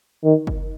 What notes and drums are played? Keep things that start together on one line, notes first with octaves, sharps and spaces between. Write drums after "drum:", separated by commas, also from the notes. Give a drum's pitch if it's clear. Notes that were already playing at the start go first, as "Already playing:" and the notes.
D#3
drum: kick F#1